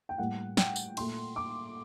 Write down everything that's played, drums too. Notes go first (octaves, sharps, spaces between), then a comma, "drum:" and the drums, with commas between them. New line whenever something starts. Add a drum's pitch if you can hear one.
G5
A2 G3 A#3 F#5
G5, drum: snare
drum: tambourine
A#2 A3 C6, drum: cymbal
D6